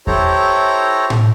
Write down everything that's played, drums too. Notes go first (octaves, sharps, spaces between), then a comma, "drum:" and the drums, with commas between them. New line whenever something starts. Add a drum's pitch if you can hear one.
E4 G4 A4 C5 C#5 A#5, drum: kick E2
drum: tom A2